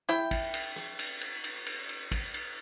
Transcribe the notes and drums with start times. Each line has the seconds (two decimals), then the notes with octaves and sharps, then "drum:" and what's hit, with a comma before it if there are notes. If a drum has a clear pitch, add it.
0.09 E4 G5, drum: rim click
0.31 drum: kick, cymbal
0.54 drum: cymbal
0.76 drum: rim click
0.99 drum: cymbal
1.21 drum: cymbal
1.44 drum: cymbal
1.66 drum: cymbal
1.89 drum: cymbal
2.12 drum: kick, cymbal
2.34 drum: cymbal